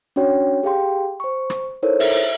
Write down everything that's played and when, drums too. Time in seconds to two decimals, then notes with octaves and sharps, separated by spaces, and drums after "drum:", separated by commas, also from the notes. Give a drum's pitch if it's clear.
0.16 C#4 D4 F#4 C#5 G5
0.63 G4 G#4 F5 G5 C6
1.20 C5 C#6
1.50 drum: rim click
1.82 D#4 E4 A4 A#4 C5 C#5
2.00 E5, drum: open hi-hat